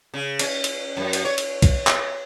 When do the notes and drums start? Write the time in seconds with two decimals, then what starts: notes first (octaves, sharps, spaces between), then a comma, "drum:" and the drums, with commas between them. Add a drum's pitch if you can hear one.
0.14 C#3
0.39 C#4, drum: cymbal
0.64 drum: cymbal
0.97 F#2
1.13 drum: cymbal
1.25 C#5
1.38 drum: cymbal
1.62 drum: kick B1, cymbal
1.87 drum: clap